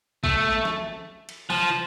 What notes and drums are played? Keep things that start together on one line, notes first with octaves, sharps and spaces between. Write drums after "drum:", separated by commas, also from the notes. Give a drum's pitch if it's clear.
A3, drum: kick
drum: snare
drum: cymbal
F3, drum: open hi-hat